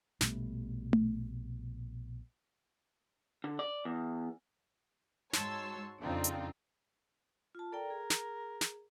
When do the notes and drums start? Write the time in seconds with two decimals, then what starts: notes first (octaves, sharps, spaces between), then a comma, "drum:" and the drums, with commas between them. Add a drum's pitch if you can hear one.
0.21 A#1 B2 G3 A3, drum: snare
0.93 drum: tom A3
3.44 D3
3.59 D5
3.85 E2
5.33 G#2 F#4 C#5 A5 C6 E6, drum: snare
6.01 F2 C#3 C4 D4 D#4 F4
6.24 drum: hi-hat
7.55 F4 A5
7.72 A4 A#4 D5 G5
7.90 G#4
8.10 drum: snare
8.61 drum: snare